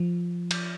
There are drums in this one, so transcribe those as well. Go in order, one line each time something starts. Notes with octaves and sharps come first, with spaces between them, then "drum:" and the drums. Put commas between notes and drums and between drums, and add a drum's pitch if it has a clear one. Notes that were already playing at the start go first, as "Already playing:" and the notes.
Already playing: F3
drum: cymbal